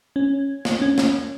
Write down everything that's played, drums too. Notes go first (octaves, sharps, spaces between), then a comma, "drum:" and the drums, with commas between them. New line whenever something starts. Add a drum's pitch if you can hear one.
C#4
drum: snare
C#4
drum: snare